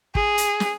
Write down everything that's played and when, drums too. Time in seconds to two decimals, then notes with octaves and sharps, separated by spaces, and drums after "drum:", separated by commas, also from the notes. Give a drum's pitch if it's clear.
0.15 G#4, drum: kick
0.38 drum: hi-hat
0.60 drum: snare